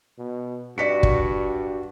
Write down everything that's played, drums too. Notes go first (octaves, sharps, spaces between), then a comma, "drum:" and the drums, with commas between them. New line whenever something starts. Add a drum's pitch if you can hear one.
B2
G2 F#4 D5 B6 C#7
drum: kick